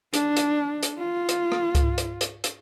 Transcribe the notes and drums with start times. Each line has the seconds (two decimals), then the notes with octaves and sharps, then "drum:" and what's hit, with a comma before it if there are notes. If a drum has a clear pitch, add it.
0.13 D4, drum: hi-hat
0.37 drum: hi-hat
0.83 drum: hi-hat
0.99 F4
1.29 drum: hi-hat
1.52 drum: rim click
1.75 drum: kick C#2, hi-hat
1.98 drum: hi-hat
2.21 drum: hi-hat
2.44 drum: hi-hat